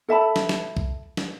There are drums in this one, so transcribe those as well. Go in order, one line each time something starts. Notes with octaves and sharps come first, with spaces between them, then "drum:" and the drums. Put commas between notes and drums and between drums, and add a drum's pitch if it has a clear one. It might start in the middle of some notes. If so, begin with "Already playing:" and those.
A4 E5 A5 B5
drum: snare
drum: snare
drum: kick C2
drum: snare